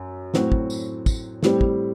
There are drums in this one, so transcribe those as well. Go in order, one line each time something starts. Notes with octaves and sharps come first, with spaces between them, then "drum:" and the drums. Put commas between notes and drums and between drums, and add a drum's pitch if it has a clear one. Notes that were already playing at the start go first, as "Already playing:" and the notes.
Already playing: F#2
A2 F#3 C4 F#4, drum: snare
drum: kick
drum: tambourine
drum: kick, tambourine
A2 G3 C4 G4, drum: snare
drum: kick